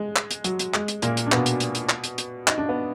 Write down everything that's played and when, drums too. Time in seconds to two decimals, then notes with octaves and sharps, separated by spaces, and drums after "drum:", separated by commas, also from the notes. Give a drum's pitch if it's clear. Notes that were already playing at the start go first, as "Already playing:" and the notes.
Already playing: G#3
0.16 drum: clap
0.31 drum: hi-hat
0.44 F#3, drum: hi-hat
0.59 drum: hi-hat
0.74 G#3, drum: clap
0.88 drum: hi-hat
1.02 A#2 A#3, drum: hi-hat
1.17 drum: hi-hat
1.27 D4
1.32 B2 B3, drum: clap
1.46 drum: hi-hat
1.60 drum: hi-hat
1.75 drum: hi-hat
1.89 drum: clap
2.04 drum: hi-hat
2.18 drum: hi-hat
2.47 D#4, drum: clap
2.58 D4
2.69 B3